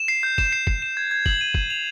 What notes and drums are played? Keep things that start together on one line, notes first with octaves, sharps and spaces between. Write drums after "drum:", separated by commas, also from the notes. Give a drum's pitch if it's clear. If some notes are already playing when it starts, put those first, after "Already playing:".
Already playing: E7
C7
G6
E7, drum: kick
C7
C7, drum: kick
E7
G#6
G#6
F#7, drum: kick
D#7
G6, drum: kick
F7